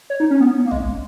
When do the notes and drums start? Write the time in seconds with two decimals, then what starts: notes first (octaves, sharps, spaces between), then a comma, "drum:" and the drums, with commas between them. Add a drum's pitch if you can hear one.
0.10 C#5
0.20 D#4
0.31 C#4
0.40 B3
0.66 A#3
0.71 G#3, drum: tom